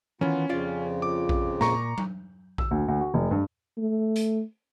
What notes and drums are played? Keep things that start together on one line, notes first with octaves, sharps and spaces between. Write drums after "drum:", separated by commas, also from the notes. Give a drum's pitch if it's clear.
D#3 E3 B3 C#4 F4
F2 C#3 F3 F4 D5
D6
drum: kick A#1
A#2 A#5 C#6, drum: snare
drum: tom F#3
E6, drum: kick A#1
D2
D2
F#4
F1
G2
A3
drum: hi-hat